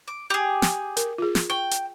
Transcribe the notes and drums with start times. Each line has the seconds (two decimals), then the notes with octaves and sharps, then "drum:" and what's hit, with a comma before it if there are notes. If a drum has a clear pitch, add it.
0.08 D6
0.30 G4 G#4
0.62 drum: snare
0.97 A#4, drum: hi-hat
1.18 F4 G#4
1.35 drum: snare
1.50 G5 C#6
1.71 drum: hi-hat